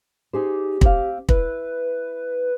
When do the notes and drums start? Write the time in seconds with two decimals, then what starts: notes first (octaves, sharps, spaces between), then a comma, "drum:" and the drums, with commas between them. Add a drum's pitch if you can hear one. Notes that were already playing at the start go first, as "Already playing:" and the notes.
0.33 D#4 G4 G#4 C5
0.81 C4 F5, drum: kick
1.29 E4 B4, drum: kick